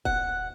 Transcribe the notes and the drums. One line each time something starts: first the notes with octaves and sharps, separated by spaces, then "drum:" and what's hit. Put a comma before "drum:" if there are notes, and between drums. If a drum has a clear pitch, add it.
F#5, drum: kick D#1